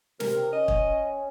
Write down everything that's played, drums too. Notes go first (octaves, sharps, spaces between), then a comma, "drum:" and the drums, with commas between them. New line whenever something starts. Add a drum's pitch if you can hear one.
C3 A#4, drum: snare
C#4 D#5
drum: kick